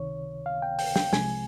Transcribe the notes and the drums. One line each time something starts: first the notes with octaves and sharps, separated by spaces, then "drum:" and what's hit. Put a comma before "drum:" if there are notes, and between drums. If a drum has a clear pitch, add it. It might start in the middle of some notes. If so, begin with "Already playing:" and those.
Already playing: C#2 C3 D#3 C#5
F5
G5
G5, drum: open hi-hat
G5, drum: snare
C2 C3 F3 G#3 G#5, drum: snare